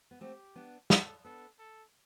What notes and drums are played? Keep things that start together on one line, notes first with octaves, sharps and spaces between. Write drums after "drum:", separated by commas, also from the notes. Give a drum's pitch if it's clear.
B3
A3 C4 G4
B3 D4
A4, drum: snare
B3 D4 A4
A4